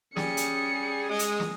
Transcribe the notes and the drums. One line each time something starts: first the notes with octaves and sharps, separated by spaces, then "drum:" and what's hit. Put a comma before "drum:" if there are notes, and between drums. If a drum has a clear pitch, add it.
G3 C#4 G#4 C#7, drum: snare
drum: hi-hat
G#3 D#6
drum: hi-hat
drum: snare